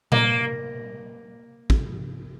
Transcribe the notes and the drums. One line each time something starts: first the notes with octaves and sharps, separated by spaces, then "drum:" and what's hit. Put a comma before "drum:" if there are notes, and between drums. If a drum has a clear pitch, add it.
A#3, drum: tom A#2
drum: kick